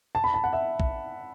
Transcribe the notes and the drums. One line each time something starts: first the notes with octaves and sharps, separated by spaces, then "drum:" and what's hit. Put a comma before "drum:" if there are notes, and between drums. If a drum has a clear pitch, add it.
A5
B5
A5
F#5
E5
drum: kick